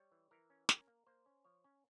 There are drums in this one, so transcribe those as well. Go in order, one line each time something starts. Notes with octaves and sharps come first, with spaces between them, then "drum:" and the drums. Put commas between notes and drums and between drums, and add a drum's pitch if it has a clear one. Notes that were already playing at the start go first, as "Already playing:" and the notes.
Already playing: G3 C#5
E3
E3 A#4
C#4
C#4 A#4, drum: snare
A#3
A#3 C5
C#4
F3 C#5
C#4